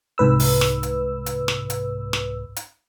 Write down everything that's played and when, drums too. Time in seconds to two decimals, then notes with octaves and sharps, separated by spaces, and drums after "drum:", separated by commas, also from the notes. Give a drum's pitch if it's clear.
0.18 C2 G#2 B4 E6
0.40 drum: open hi-hat
0.61 drum: snare
0.83 drum: hi-hat
1.26 drum: hi-hat
1.48 drum: snare
1.70 drum: hi-hat
2.13 drum: snare
2.56 drum: hi-hat